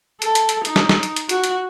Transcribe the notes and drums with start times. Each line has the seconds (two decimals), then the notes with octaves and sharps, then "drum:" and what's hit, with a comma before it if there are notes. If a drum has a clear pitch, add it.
0.22 A4, drum: hi-hat
0.35 drum: hi-hat
0.49 drum: hi-hat
0.65 D#4, drum: hi-hat
0.76 drum: snare
0.89 drum: snare
1.03 drum: hi-hat
1.16 drum: hi-hat
1.29 F#4, drum: hi-hat
1.44 drum: hi-hat